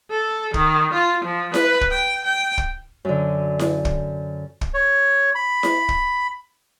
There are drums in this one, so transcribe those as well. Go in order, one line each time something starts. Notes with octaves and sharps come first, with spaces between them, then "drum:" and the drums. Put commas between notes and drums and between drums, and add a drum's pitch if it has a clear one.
A4
D#3, drum: kick
F4
F3
B4, drum: snare E4
drum: kick
G5
G5
drum: kick
F#2 D3
drum: snare E4
drum: kick
drum: kick
C#5
B5
drum: snare E4
drum: kick